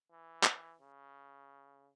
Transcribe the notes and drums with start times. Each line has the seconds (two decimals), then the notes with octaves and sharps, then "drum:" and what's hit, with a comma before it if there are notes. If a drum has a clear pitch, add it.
0.11 E3
0.43 drum: clap
0.81 C#3